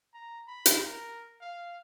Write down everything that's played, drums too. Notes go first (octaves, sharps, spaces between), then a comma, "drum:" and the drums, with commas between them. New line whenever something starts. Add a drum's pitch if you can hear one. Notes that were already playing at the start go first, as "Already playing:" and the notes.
A#5
B5
drum: hi-hat
A#4
F5